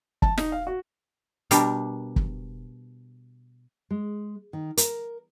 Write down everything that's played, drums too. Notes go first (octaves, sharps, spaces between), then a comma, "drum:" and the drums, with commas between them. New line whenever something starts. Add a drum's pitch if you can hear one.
A5, drum: kick
D#4, drum: snare
F5
F#4
B2 G3 D4 A#4, drum: hi-hat
drum: kick
G#3
D#3
A#4, drum: hi-hat